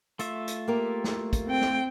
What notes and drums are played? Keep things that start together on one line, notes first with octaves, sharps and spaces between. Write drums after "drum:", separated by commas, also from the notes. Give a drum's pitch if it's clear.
A3 F4 E5, drum: hi-hat
drum: hi-hat
A#3 G4 A#4
drum: snare
drum: kick, hi-hat
C4 G5
drum: snare